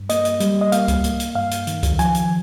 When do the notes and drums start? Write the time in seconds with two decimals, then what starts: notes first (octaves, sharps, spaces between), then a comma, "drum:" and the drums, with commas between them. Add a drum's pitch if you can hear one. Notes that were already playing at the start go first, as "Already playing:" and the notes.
Already playing: G2
0.09 A#3 D#5, drum: hi-hat
0.25 drum: hi-hat
0.40 G3, drum: hi-hat
0.61 D#5
0.72 A#3 F5, drum: hi-hat
0.88 drum: kick C#2, hi-hat
1.04 A#3, drum: hi-hat
1.20 drum: hi-hat
1.35 G2 F5
1.51 drum: hi-hat
1.67 D#3, drum: hi-hat
1.83 drum: kick C#2, hi-hat
1.99 F3 G#5, drum: hi-hat
2.15 drum: hi-hat